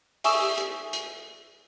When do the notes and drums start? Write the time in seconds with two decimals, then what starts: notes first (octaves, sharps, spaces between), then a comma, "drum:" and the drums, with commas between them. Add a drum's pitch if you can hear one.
0.24 E5 G#5 C#6 D#6 E6 E7, drum: open hi-hat
0.58 drum: hi-hat
0.93 drum: hi-hat